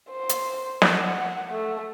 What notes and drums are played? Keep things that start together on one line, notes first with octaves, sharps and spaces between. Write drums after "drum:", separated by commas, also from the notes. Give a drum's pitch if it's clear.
C5
drum: hi-hat
drum: snare
F#5
A3